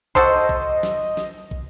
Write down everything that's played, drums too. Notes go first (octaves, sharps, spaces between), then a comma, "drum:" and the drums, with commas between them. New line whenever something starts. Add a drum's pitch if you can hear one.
F#4 A4 C5 D#5, drum: kick
drum: kick
drum: snare
drum: snare
drum: kick